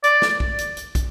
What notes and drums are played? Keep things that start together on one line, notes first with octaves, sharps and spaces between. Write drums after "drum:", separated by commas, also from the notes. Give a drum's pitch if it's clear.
D5, drum: hi-hat
drum: snare
drum: kick
drum: hi-hat
drum: hi-hat
drum: kick, hi-hat